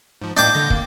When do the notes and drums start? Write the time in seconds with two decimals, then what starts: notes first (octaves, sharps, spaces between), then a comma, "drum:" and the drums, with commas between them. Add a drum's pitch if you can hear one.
0.21 G#2 F3
0.37 A2 A#3 D4 D#5 G5 D6
0.54 D3 G6 A#6
0.70 A#3, drum: kick